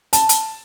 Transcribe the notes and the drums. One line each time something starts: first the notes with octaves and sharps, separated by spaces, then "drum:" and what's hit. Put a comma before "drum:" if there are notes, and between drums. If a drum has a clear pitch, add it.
A5, drum: hi-hat
drum: hi-hat